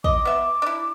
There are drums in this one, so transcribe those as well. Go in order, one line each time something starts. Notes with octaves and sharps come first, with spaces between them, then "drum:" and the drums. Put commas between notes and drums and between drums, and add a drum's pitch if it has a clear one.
D#5 D6, drum: kick
B3 E5
D4 E4